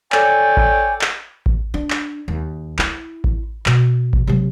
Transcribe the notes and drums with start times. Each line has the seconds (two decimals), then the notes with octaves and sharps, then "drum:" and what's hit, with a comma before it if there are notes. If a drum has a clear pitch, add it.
0.12 A4 C#5 D5 G5 G#5, drum: clap
0.57 drum: kick A1
1.01 drum: clap
1.46 drum: kick A1
1.74 D4
1.90 drum: clap
2.28 D#2
2.79 E4, drum: clap
3.24 drum: kick A1
3.66 B2, drum: clap
4.13 drum: kick A1
4.27 C3 F#3